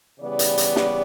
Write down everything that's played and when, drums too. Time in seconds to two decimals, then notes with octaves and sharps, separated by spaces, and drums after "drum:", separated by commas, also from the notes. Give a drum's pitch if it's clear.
0.20 C#3 E3 G3 B3 D5
0.39 drum: hi-hat
0.58 drum: hi-hat
0.76 drum: snare